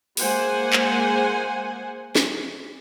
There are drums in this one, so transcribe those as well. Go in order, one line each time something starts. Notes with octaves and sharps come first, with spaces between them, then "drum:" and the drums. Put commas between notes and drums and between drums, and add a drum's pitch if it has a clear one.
G#3 A#3 C5 F#5 G#5, drum: open hi-hat
drum: clap
drum: snare